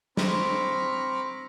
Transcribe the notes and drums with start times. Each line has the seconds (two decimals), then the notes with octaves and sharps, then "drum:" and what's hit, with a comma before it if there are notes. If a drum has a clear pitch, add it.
0.17 C4 A#5 B5 C#6 D6 F6, drum: snare